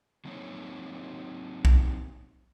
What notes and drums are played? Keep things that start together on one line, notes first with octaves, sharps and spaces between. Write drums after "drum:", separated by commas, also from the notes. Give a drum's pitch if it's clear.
F#3 A#3 C4 D#4 C#5
drum: kick B1